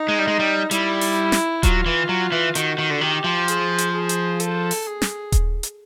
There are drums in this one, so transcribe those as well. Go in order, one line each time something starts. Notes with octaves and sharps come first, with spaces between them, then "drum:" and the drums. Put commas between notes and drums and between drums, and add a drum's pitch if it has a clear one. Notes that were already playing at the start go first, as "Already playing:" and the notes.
Already playing: D#4
G#3
G3
G#3
G3
G3 E4, drum: hi-hat
drum: open hi-hat
drum: snare
F#3 F4, drum: kick D#1, hi-hat
E3
F#3
E3
D#3 F#4, drum: hi-hat
D#3
D3
D#3 G4
F3
G#4, drum: hi-hat
drum: hi-hat
G#4
drum: hi-hat
A4, drum: hi-hat
drum: open hi-hat
G#4
drum: snare
drum: kick D#1, hi-hat
drum: hi-hat